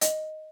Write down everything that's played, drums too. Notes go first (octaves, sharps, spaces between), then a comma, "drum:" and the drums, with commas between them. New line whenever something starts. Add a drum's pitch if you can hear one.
D#5, drum: hi-hat